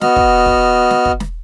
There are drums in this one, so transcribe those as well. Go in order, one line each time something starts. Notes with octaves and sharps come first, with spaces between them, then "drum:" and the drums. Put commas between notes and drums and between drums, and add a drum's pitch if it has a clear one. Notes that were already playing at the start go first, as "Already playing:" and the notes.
B3 F#4 D#5 F6, drum: snare
drum: kick
drum: kick
drum: snare
drum: kick
drum: snare